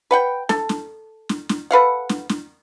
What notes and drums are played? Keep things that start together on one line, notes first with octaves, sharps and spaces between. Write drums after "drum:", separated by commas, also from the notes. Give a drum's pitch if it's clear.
B4 F#5 G5
A4, drum: snare
drum: snare
drum: snare
drum: snare
A4 B4 F5 F#5
drum: snare
drum: snare